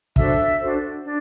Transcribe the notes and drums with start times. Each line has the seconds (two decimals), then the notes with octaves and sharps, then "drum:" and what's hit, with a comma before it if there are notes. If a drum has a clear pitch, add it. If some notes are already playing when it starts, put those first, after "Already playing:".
0.16 D4 F#4 A4 C5 E5, drum: kick
0.60 D4 F#4 A4 C5
1.04 D4